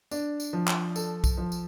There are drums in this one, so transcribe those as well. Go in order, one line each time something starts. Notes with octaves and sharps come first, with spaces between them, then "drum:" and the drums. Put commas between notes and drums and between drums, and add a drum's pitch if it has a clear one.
D4, drum: tambourine
drum: tambourine
F3
drum: clap
A4, drum: tambourine
drum: kick, tambourine
F3
drum: tambourine